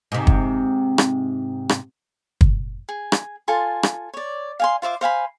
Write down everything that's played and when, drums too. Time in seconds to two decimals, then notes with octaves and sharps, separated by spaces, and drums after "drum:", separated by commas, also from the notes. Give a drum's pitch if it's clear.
0.12 G#2 C3
0.27 drum: kick
0.98 drum: rim click
1.69 drum: rim click
2.41 drum: kick
2.89 G#4
3.12 drum: rim click
3.48 F4 A4 G#5 C6
3.83 drum: rim click
4.14 C#5 D5
4.60 F5 G#5 C6
4.82 F4 C5 E5 D6
5.01 C5 F5 G#5 B5